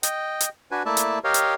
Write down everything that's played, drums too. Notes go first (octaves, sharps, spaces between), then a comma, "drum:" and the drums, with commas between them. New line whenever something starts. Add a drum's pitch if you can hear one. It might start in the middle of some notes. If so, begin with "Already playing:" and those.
D#5 G5, drum: hi-hat
drum: hi-hat
D4 F#4 B4 G#5
A3 A#3 E4 D5 E5 A5
drum: hi-hat
G4 A#4 C#5 D#5 F5 G5
drum: hi-hat